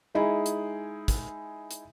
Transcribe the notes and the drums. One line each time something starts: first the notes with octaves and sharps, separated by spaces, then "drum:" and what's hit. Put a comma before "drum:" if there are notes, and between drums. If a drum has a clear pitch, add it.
G#3 D#4 E4 G#4
drum: hi-hat
drum: kick, hi-hat
drum: hi-hat